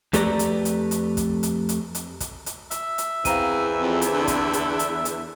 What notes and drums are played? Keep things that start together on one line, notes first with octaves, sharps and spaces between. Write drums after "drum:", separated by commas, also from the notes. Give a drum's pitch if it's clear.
F2 A3 G4 B4 D5 A#5, drum: kick, hi-hat
drum: hi-hat
drum: hi-hat
drum: hi-hat
drum: kick, hi-hat
drum: hi-hat
drum: hi-hat
drum: hi-hat
drum: kick, hi-hat
drum: hi-hat
E5, drum: hi-hat
drum: hi-hat
E2 C4 F5 A#5 D#7, drum: kick, hi-hat
F2
drum: hi-hat
D3
drum: kick, hi-hat
drum: hi-hat
drum: hi-hat
drum: hi-hat